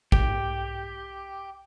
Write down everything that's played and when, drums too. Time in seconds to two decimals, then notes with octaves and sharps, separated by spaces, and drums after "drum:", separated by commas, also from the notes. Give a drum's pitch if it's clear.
0.12 G4, drum: kick